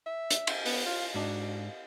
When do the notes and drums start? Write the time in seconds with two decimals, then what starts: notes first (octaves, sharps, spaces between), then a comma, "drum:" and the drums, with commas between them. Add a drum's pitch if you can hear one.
0.06 E5
0.31 drum: hi-hat
0.47 drum: cymbal
0.66 B3, drum: open hi-hat
0.86 F4
1.15 G#2 D4 F#4